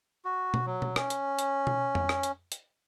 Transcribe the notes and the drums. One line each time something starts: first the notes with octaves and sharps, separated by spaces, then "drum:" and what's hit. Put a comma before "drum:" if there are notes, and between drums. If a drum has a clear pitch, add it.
F#4
drum: tom B2
F#3
drum: tom B2
C#4, drum: rim click
drum: hi-hat
drum: hi-hat
drum: tom B2
drum: tom F2
drum: rim click
drum: hi-hat
drum: hi-hat